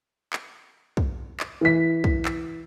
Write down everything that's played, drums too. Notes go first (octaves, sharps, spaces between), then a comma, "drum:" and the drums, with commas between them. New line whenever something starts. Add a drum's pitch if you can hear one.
drum: clap
drum: kick
drum: clap
E3 B6
drum: kick
drum: clap